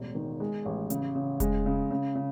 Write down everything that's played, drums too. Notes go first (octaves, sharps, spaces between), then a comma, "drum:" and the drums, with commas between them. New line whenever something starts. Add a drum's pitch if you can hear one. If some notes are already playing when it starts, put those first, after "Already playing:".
Already playing: E1 A1
D#3
G#3
A1
C#3, drum: hi-hat
C#3
G#3, drum: kick E1, hi-hat
C#3
C#3
C#3